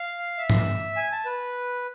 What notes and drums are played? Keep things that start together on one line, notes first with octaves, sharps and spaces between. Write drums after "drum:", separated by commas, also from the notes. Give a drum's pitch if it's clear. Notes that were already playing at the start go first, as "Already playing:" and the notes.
Already playing: F5
E5
drum: tom G#2
G#5
A5
B4